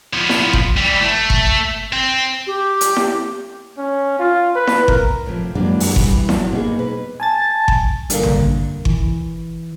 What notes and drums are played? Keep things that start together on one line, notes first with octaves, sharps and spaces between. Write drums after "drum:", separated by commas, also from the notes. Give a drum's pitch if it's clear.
F3 B3
drum: snare E4
drum: kick G1
E3 G3
A3
drum: kick G1
C4
G4
drum: hi-hat
drum: snare E4
C#4
F4
B4
drum: snare E4
A#4, drum: kick G1
A2 C3 F3
F#2 E3 F#3 G#3 A#3 D4
drum: open hi-hat
E3 G3, drum: kick G1
A2 F#3, drum: snare E4
B2 A#3 D#4 G#4
B4
G#5 A5 A6
drum: kick G1
G2 D3 A#3, drum: hi-hat
drum: tom
E3, drum: kick G1